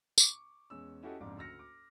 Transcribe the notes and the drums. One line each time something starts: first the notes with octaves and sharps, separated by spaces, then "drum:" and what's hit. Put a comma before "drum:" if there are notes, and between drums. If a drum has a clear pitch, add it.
C#6 D6, drum: tambourine
E2 G#3 C#4 E6
C#4 E4 F#4 G4 A4 D#5
F#1 F2 G#2 D4 D6
D2 E6 F6 A#6 C#7
D6